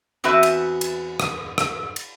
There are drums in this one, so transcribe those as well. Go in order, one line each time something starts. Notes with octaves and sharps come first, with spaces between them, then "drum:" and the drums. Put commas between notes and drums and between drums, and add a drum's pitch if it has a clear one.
E2 C4 F#4 B4 E5
drum: cymbal
drum: cymbal
drum: rim click
drum: rim click
drum: cymbal